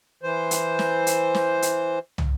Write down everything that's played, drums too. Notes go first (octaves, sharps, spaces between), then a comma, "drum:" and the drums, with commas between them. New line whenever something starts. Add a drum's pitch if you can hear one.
E3 C5
drum: hi-hat
drum: snare
drum: hi-hat
drum: snare
drum: hi-hat
drum: tom